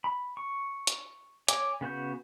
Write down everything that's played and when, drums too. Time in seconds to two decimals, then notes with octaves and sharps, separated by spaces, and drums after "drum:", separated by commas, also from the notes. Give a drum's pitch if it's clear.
0.04 B5
0.37 C#6
0.87 drum: hi-hat
1.48 C#5 G#5 D6, drum: hi-hat
1.81 C#3 B3 F#4 G6